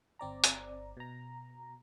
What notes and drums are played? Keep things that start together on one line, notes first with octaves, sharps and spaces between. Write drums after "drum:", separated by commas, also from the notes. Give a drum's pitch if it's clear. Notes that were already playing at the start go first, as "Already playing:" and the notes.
G1 C4 D5 A#5
drum: hi-hat
B2 A#5